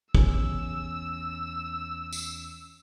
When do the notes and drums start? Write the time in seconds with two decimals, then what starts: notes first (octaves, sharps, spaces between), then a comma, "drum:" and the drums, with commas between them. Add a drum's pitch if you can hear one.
0.15 E2 C#4 E6, drum: kick
2.12 drum: tambourine